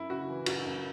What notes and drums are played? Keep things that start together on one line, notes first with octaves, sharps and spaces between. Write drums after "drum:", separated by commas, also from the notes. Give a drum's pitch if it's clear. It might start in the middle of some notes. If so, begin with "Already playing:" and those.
Already playing: F#2 E4
C#3 F#4
E3
F#2 F#4, drum: cymbal
F#2